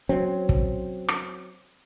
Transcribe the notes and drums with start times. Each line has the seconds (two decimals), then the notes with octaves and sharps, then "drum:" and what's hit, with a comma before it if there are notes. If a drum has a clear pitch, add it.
0.09 F#3 C4 C#4
0.49 drum: kick
1.08 drum: rim click